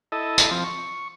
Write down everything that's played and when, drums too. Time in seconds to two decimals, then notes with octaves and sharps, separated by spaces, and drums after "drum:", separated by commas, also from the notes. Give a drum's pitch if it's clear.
0.12 E4 A4 D#5
0.38 drum: tambourine
0.51 F3 C4
0.64 C#6